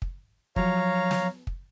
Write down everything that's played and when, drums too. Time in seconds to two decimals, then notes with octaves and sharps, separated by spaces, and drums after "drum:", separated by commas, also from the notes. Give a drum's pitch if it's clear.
0.02 drum: kick
0.56 F3 F#3 C#5 F5 A#5, drum: kick
1.11 drum: snare
1.47 drum: kick